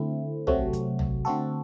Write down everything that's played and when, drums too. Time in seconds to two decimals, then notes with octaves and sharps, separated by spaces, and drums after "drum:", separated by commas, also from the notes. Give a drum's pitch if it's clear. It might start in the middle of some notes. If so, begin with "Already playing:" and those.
Already playing: D3 A3 C4 E4
0.47 C3 F#3 A3 C4 F#4, drum: tom
0.73 drum: kick, hi-hat
0.99 drum: tom
1.25 D3 A3 C4 F#4 A4